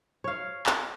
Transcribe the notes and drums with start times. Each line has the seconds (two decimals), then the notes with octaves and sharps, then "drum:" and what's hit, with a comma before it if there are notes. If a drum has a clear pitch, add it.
0.24 C#5 F5
0.66 drum: clap